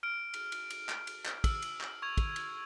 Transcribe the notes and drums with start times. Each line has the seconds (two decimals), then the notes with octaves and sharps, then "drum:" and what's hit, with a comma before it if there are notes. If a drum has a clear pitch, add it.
0.03 F6 D7
0.34 drum: cymbal
0.52 drum: cymbal
0.70 drum: cymbal
0.89 drum: clap
1.07 drum: cymbal
1.26 drum: clap
1.44 E6, drum: kick, cymbal
1.62 drum: cymbal
1.81 drum: clap
2.02 C#6 G#6 F7
2.18 drum: kick, cymbal
2.36 drum: cymbal